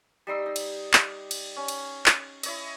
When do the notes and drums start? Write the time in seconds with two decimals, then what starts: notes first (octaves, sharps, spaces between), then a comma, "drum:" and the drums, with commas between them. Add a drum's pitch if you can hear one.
0.27 G3 D#4 C6 E6
0.46 D#4
0.56 drum: cymbal
0.93 drum: clap
1.31 drum: cymbal
1.56 C#4
1.68 drum: cymbal
2.06 drum: clap
2.43 E4 C#5 D#5, drum: cymbal